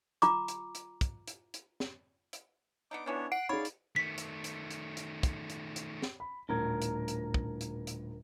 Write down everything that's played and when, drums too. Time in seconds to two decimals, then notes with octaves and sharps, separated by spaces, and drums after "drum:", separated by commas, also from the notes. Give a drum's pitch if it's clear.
0.22 F4 A#5 D6, drum: hi-hat
0.48 drum: hi-hat
0.75 drum: hi-hat
1.01 drum: kick, hi-hat
1.28 drum: hi-hat
1.54 drum: hi-hat
1.80 drum: snare
2.33 drum: hi-hat
2.91 B3 D4 D#4 D6
3.06 D#3 E3 B3 C#4 D4 C#5
3.32 F#5 F#6 C7 D7
3.49 D#4 G#4 C#5 D5 F5 B5
3.65 drum: hi-hat
3.96 D#3 A3 B6
4.18 drum: hi-hat
4.44 drum: hi-hat
4.71 drum: hi-hat
4.97 drum: hi-hat
5.23 drum: kick, hi-hat
5.50 drum: hi-hat
5.76 drum: hi-hat
6.02 drum: snare
6.20 B5
6.49 D#1 A2 D3 A#4 G#6
6.82 drum: hi-hat
7.08 drum: hi-hat
7.34 drum: kick
7.61 drum: hi-hat
7.87 drum: hi-hat